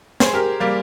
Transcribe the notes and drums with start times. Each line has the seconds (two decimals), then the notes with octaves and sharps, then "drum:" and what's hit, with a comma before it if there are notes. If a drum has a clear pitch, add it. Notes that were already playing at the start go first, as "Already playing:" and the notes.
0.20 G#4 C5, drum: snare
0.34 G4 A#4
0.60 G3 A#3